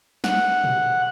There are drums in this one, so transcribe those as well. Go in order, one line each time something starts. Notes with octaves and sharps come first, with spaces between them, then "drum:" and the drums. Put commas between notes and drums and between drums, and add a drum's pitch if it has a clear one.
F#5, drum: snare
drum: tom A#2